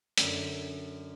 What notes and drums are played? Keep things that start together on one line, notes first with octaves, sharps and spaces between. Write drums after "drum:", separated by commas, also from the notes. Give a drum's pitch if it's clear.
F#2 D3 D5, drum: hi-hat